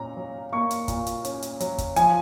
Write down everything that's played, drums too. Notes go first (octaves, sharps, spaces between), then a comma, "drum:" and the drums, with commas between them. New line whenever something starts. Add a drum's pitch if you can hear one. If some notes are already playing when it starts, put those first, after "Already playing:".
Already playing: A#2 C#4 A#5
F#3
A#3 C#6
drum: hi-hat
A#2, drum: kick, hi-hat
drum: hi-hat
C#4, drum: hi-hat
drum: hi-hat
F#3, drum: hi-hat
drum: kick, hi-hat
F3 G#5, drum: hi-hat